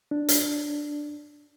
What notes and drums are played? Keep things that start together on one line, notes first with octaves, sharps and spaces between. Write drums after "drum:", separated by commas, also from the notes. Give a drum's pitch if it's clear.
D4
drum: hi-hat